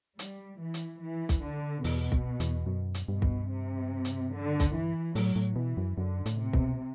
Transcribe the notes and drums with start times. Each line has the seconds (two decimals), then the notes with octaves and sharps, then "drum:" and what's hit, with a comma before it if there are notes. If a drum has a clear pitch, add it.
0.19 G3, drum: hi-hat
0.60 E3
0.74 drum: hi-hat
1.01 E3
1.29 drum: kick, hi-hat
1.43 D3
1.84 E2 B2, drum: open hi-hat
2.12 drum: kick
2.40 E2, drum: hi-hat
2.66 F#2
2.94 drum: hi-hat
3.08 G2 B2
3.22 drum: kick
3.49 C3
4.05 drum: hi-hat
4.32 D3
4.60 drum: kick, hi-hat
4.73 E3
5.15 A2 F#3, drum: open hi-hat
5.36 A2
5.56 B2 E3
5.77 F#2
5.97 F#2 D3
6.26 A2, drum: hi-hat
6.39 C3
6.53 B2, drum: kick